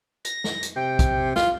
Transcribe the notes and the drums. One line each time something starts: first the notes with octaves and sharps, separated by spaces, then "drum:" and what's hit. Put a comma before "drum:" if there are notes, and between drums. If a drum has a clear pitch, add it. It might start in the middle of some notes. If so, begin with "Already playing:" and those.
A#6, drum: hi-hat
drum: snare
drum: hi-hat
C3 G5
drum: kick, hi-hat
F4, drum: snare